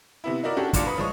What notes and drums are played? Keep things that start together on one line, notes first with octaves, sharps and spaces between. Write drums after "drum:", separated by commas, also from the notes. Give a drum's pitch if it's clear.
C3 B3 E4
D#4 E4 F#4 A#4 D5
C#4 D4 F#4 G4 A4
F#1 A#2 D4 F4 D6 C#7, drum: kick, hi-hat
B4 B5 D#6
F3 G#3 C#5 D#6